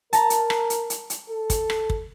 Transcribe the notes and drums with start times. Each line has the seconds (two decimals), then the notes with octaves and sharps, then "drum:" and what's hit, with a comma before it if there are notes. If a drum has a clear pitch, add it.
0.13 A#4 A5 A#5, drum: hi-hat
0.30 drum: hi-hat
0.50 drum: rim click
0.70 drum: hi-hat
0.90 drum: hi-hat
1.10 drum: hi-hat
1.30 A4
1.50 drum: kick, hi-hat
1.70 drum: rim click
1.90 drum: kick